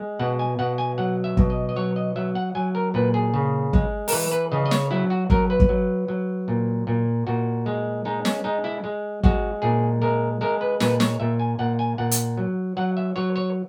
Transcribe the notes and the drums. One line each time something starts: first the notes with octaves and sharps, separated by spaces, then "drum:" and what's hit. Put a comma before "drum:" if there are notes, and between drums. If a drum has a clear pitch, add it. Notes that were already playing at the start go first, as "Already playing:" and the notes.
Already playing: G#3
B2 F#5
G#5
B2 F#5
G#5
F#3 F#5
E5
B2, drum: kick
D#5
D#5
F#3 C#5
D#5
F#3 E5
F#5
F#3 G#5
A#4
A#2 B4
G#4
C#3
G#3, drum: kick
A#4, drum: open hi-hat
E3 B4
B4
C#3 D#5
D#5
C#5, drum: snare
F#3 E4
F#4
F#3 A#4, drum: kick
B4
drum: kick
F#3
F#3
A#2
A#2
A#2 F#4
G#3
G#3 D#4
C#4, drum: snare
G#3 D#4
E4
G#3
G#3 F#4, drum: kick
A#2 G#4
G#3 A#4
G#3 A#4
B4
A#2 B4, drum: snare
C#5, drum: snare
A#2 E5
G#5
A#2 F#5
G#5
A#2 F#5
drum: hi-hat
F#3
F#3 F#5
E5
F#3 C#5
C#5